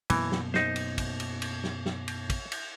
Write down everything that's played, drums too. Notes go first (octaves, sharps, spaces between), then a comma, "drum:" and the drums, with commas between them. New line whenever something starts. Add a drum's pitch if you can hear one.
F#2 B2 E3 A#3, drum: cymbal
drum: snare
D#4 C5, drum: snare
drum: cymbal
drum: kick, cymbal
drum: cymbal
drum: cymbal
drum: snare
drum: snare
drum: cymbal
drum: kick, cymbal
drum: cymbal